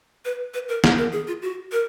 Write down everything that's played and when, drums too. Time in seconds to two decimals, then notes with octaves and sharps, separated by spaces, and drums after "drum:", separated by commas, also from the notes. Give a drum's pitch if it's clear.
0.25 B4
0.54 B4
0.68 A#4
0.84 G#4, drum: snare
0.97 A#4
1.12 G#4
1.27 F4
1.42 F#4
1.72 A#4